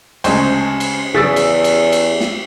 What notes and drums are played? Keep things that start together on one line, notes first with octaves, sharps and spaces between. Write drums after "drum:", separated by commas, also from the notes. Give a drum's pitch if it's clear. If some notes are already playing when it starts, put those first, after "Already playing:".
D2 C#3 G#3 C5, drum: cymbal
drum: cymbal
E2 C#3 E6 A6 B6
drum: cymbal
drum: cymbal
drum: cymbal
drum: snare